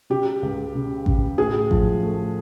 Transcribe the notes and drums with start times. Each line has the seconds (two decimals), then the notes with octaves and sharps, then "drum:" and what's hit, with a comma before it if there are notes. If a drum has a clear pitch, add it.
0.10 C#3 G4
0.42 C#2
0.75 C#3
1.06 C#3, drum: kick A1
1.38 A2 G#4
1.71 F3, drum: kick A1
2.02 A3